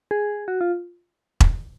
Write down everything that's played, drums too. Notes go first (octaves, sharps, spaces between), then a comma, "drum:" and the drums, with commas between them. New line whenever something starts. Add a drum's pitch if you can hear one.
G#4
F#4
F4
drum: kick E1